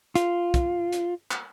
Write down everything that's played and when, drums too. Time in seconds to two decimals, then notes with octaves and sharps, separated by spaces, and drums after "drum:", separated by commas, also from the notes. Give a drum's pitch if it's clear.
0.15 F4, drum: hi-hat
0.54 drum: kick, hi-hat
0.92 drum: hi-hat
1.31 drum: clap